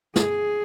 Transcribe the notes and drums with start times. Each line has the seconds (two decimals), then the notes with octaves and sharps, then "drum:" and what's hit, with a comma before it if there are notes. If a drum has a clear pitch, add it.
0.16 G#4, drum: snare